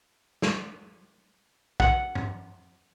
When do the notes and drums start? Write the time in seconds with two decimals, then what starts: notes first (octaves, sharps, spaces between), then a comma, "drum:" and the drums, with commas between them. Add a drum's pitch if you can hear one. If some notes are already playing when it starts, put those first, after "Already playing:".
0.42 drum: snare
1.80 F#5, drum: kick
2.15 drum: tom